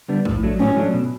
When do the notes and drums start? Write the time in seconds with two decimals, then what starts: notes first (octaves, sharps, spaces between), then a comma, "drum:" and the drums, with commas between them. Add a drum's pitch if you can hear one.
0.08 D3 G3 B3 D4
0.25 A2, drum: kick
0.43 F#3 A3 D4
0.60 A2 C#4
0.77 F#3 A3 D4
0.94 B2